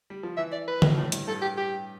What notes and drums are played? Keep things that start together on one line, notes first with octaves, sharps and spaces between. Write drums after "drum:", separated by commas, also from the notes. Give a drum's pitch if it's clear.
G3
F3
E3 E5
D5
B4
drum: tom D3
A2
G2, drum: hi-hat
G2 A4
G4
G4